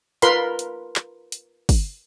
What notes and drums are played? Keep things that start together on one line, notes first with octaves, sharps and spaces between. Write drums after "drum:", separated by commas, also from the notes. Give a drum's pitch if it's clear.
F4 A#4 B4 B5 C6, drum: hi-hat
drum: hi-hat
drum: clap
drum: hi-hat
drum: kick, open hi-hat